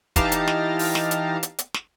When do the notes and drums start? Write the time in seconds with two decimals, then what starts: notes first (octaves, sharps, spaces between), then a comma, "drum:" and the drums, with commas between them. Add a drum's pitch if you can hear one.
0.16 E3 D#4 G4 F5 A5 A#5, drum: kick, hi-hat
0.32 drum: hi-hat
0.48 drum: snare
0.79 drum: open hi-hat
0.95 drum: snare
1.11 drum: hi-hat
1.43 drum: hi-hat
1.58 drum: hi-hat
1.74 drum: snare